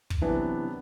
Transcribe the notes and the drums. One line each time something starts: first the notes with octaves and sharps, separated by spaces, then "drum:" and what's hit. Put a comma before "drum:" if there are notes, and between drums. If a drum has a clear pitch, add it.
drum: kick
C3 E3 F#3 B3 D4